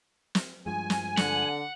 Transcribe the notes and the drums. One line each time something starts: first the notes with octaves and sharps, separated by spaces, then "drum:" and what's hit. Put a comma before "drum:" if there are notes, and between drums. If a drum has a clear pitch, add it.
drum: snare
G2 F3 G#3 G#5
drum: snare
D3 F#5, drum: snare